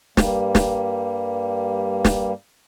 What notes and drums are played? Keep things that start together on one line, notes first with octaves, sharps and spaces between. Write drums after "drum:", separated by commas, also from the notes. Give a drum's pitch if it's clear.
G2 G3 A#3, drum: snare
drum: snare
drum: snare